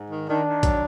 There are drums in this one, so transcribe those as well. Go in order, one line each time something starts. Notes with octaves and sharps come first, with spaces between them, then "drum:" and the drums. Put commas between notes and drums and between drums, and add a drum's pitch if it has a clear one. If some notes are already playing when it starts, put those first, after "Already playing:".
Already playing: G#2
D#3
D#3 D4
D#3
F#3, drum: kick A#1, hi-hat